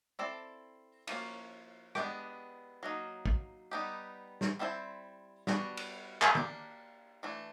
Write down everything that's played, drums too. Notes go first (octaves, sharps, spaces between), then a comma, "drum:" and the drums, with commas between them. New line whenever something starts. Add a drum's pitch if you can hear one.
C4 E4 A4 D5
F3 A#3 C#4, drum: cymbal
G#3 B3 D4 G4, drum: rim click
F#3 A#3 D#4
drum: kick
G3 B3 D#4 G4
drum: snare
G3 C4 E4 G#4 C5
G3 B3 D4 F#4, drum: snare
drum: cymbal
drum: clap
A#3 D4 G4, drum: tom D3
E3 A3 D4